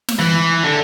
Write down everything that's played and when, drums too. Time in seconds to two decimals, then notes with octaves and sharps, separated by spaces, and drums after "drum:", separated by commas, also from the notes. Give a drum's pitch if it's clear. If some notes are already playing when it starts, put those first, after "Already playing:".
0.08 drum: snare
0.19 E3
0.64 D3